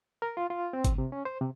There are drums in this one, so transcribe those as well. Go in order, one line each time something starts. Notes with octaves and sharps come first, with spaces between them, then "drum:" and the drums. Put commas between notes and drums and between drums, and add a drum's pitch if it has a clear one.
A#4
F4
F4
C4
drum: kick G#1, hi-hat
C3
C#4
C5
C3